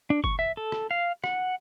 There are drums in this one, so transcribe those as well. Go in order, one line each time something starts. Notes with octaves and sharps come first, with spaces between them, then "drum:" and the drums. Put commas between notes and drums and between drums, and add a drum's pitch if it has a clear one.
D4
C#6, drum: kick F#1
E5
A4
drum: rim click
F5
F#5, drum: rim click